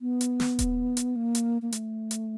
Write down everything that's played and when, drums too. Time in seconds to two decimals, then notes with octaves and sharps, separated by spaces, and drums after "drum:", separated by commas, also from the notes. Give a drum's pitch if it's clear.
0.01 B3
0.21 drum: hi-hat
0.40 drum: snare
0.59 drum: kick D#1, hi-hat
0.97 drum: hi-hat
1.16 A#3
1.35 drum: hi-hat
1.62 A#3
1.72 A3, drum: hi-hat
2.11 drum: hi-hat